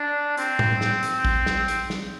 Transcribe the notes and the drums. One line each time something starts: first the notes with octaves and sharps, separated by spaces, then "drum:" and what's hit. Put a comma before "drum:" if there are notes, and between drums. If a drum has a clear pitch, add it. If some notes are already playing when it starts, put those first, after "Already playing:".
Already playing: D4
C4, drum: hi-hat
drum: tom A2
drum: snare
drum: hi-hat
drum: kick A1
drum: snare
drum: hi-hat
drum: snare